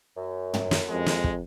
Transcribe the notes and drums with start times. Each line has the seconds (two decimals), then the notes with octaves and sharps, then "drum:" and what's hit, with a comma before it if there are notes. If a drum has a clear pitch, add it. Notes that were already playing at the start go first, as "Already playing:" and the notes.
0.17 F#2
0.54 drum: tom
0.71 drum: snare
0.89 F2 G#3
1.06 drum: snare
1.24 drum: kick